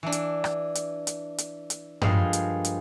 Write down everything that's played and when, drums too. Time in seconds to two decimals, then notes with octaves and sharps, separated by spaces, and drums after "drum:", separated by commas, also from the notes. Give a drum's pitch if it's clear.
0.03 E3 D4
0.12 drum: hi-hat
0.44 drum: rim click
0.75 drum: hi-hat
1.07 drum: hi-hat
1.38 drum: hi-hat
1.70 drum: hi-hat
2.01 G2 F3 G#3 A#3 G#4, drum: tom G2
2.33 drum: hi-hat
2.65 drum: hi-hat